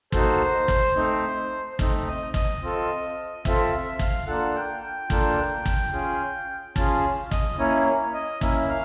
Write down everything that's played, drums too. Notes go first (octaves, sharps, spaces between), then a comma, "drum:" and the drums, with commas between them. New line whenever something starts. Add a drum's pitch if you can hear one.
A#3 D#4 F#4 A4 C5, drum: kick
drum: kick
A3 C4 D#4
A3 C4 D#4, drum: kick
D#5
D#5, drum: kick
C4 F4 A4
C4 F4 A4 E5, drum: kick
E5
F5, drum: kick
A#3 D4 F4 A4 F#5
G5
G5
A#3 D4 F4 A4, drum: kick
drum: kick
C#4 F4 G#4
C#4 F4 G#4 A5, drum: kick
D#5, drum: kick
A#3 C#4 E4 C#5
D#5
A#3 C#4 E4 E5, drum: kick
F5